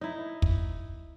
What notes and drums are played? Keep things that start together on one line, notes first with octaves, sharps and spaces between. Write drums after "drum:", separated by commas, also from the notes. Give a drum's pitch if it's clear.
D#4 E4
drum: kick